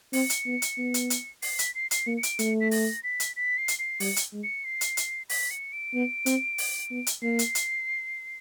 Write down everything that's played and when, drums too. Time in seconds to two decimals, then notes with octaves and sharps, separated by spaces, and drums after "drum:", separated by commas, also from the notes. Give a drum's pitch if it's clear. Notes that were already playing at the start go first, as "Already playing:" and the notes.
0.13 C4 C#7, drum: open hi-hat
0.30 drum: hi-hat
0.46 B3
0.62 drum: hi-hat
0.78 B3
0.94 drum: hi-hat
1.10 drum: hi-hat
1.42 C7, drum: open hi-hat
1.59 B6, drum: hi-hat
1.75 C7
1.91 C7, drum: hi-hat
2.07 A#3 C#7
2.17 C#7
2.23 D7, drum: hi-hat
2.39 A3 C#7, drum: hi-hat
2.61 B6
2.71 A#6, drum: open hi-hat
3.03 B6
3.20 drum: hi-hat
3.36 B6
3.57 C7
3.68 drum: hi-hat
3.79 C7
4.00 G3 C#7, drum: open hi-hat
4.16 drum: hi-hat
4.32 G#3
4.43 C#7
4.65 C7
4.81 drum: hi-hat
4.97 drum: hi-hat
5.29 B6, drum: open hi-hat
5.50 C#7
5.73 D7
5.94 B3
6.26 C4, drum: hi-hat
6.58 drum: open hi-hat
6.91 B3
7.07 drum: hi-hat
7.22 A#3 C7
7.39 drum: hi-hat
7.55 drum: hi-hat